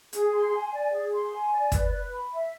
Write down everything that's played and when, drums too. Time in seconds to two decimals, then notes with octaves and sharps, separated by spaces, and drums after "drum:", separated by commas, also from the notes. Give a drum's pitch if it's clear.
0.13 G#4, drum: hi-hat
0.32 C6
0.53 G#5
0.73 D5
0.92 G#4
1.13 C6
1.32 G#5
1.53 D5
1.72 B4, drum: kick, hi-hat
1.92 B4
2.12 B5
2.32 E5